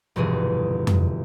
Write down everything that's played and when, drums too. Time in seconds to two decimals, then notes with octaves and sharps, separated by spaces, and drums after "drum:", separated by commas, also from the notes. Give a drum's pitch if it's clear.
0.16 F1 D2 G2 B2 E3 G#4
0.87 drum: tom F2